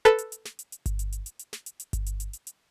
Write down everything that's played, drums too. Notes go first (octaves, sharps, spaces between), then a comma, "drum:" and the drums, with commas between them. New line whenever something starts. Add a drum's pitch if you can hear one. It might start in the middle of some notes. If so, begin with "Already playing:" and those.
A4 B4, drum: hi-hat
drum: hi-hat
drum: hi-hat
drum: snare
drum: hi-hat
drum: hi-hat
drum: kick G1, hi-hat
drum: hi-hat
drum: hi-hat
drum: hi-hat
drum: hi-hat
drum: snare
drum: hi-hat
drum: hi-hat
drum: kick G1, hi-hat
drum: hi-hat
drum: hi-hat
drum: hi-hat
drum: hi-hat